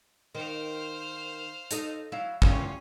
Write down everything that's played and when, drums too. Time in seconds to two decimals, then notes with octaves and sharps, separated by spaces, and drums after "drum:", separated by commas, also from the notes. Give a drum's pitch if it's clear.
0.35 D#3 C5 F5
1.71 D#4 A4 D#5, drum: hi-hat
2.12 F#3 E4 F5
2.42 E2 C#3 C#4 F4 G4, drum: kick